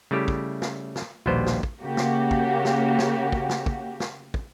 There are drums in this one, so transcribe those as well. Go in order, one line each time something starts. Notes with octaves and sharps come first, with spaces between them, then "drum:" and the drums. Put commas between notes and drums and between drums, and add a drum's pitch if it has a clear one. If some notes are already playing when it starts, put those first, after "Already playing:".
C#3 G3 A3 E4 G4
drum: kick
drum: snare
drum: snare
A#1 D#2 B2 G3 B3 C5
drum: snare
drum: kick
C#3 A#3 F#4 G4
drum: snare
drum: kick
drum: snare
drum: snare
drum: kick
drum: snare
drum: kick
drum: snare
drum: kick